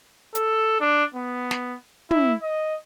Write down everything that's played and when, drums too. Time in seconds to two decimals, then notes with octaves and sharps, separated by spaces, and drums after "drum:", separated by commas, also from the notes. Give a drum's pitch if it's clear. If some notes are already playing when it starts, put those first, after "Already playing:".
0.35 A4, drum: hi-hat
0.81 D4
1.14 B3
1.51 drum: snare
2.11 E4, drum: tom
2.42 D#5